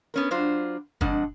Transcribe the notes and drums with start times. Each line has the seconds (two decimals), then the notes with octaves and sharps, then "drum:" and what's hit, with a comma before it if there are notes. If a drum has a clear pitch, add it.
0.14 B3 C#4 A#4
0.31 F#3 D4 F4 C5
1.01 F2 G#3 D4 D#5 F#5, drum: kick